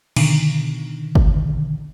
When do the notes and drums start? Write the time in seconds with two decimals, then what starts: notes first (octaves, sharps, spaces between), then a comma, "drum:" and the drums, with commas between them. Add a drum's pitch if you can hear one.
0.16 B2 D3 D#3, drum: cymbal
1.15 drum: kick G1